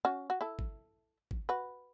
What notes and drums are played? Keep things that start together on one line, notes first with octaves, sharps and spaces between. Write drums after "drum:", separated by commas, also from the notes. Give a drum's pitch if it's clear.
C#4 F#4
F#4
E4 A4
drum: kick G#1
drum: kick G#1
F#4 B4